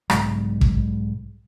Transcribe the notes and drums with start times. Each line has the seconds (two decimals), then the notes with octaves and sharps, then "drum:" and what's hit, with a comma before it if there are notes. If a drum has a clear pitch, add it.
0.10 B1 G#2 C#3 G3, drum: rim click
0.61 drum: kick